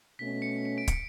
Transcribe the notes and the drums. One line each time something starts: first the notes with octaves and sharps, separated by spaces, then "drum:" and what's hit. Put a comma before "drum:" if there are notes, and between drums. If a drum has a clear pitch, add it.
B2 A3 C#4 B6
C#7
C#7
D7
C#7, drum: kick, hi-hat